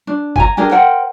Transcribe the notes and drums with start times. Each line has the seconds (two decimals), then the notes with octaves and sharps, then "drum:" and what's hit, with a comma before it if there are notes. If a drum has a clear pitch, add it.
0.07 D4
0.36 G#5 A#5, drum: kick F#1
0.57 D4 G4 G#4 A#4
0.71 A#4 C5 F#5 G5